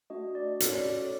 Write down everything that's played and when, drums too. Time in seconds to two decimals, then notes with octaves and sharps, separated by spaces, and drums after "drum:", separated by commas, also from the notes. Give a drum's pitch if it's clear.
0.10 A3 D4 F#4 D#5
0.35 D5
0.60 C#4 F#4 A4 C#5, drum: hi-hat
0.73 D5
0.85 D5
0.98 C#5